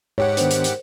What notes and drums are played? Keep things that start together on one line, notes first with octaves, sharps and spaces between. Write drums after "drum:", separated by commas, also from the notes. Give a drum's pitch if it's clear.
G#2 G4 C#5 F#5
D#3 B3 D4 A#4 C5, drum: hi-hat
drum: hi-hat
drum: hi-hat